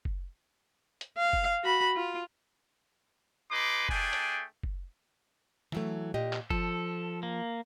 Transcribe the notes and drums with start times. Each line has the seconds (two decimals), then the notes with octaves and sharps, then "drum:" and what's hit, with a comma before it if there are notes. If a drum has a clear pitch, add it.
0.05 drum: kick F#1
1.01 drum: hi-hat
1.18 F5
1.33 drum: kick F#1
1.64 F#4 B5
1.96 F4
3.50 D#4 G#4 B4 C6 D6
3.89 A3 D4 G#4 G5 G#5, drum: kick F#1
4.13 drum: hi-hat
4.63 drum: kick F#1
5.72 E3 F#3 A3, drum: snare
6.14 A#2 G4 D#5
6.33 drum: clap
6.50 F3 A4, drum: kick F#1
7.23 A#3